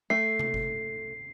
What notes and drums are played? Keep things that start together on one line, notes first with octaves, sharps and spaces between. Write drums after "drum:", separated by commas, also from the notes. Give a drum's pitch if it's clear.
A3 C7
drum: tom C3
drum: kick G1